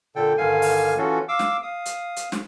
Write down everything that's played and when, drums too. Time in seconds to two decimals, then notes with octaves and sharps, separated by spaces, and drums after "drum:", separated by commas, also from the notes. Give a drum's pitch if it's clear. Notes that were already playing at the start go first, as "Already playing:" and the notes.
0.16 A#2 D3 A4 G5
0.38 G2 D3 D#3 F5 G#5
0.62 drum: open hi-hat
0.98 E3 C#4 F4 F#4 A4
1.28 F5 D6 E6
1.39 drum: snare
1.63 F5 D#6
1.86 drum: hi-hat
2.17 drum: hi-hat
2.32 drum: snare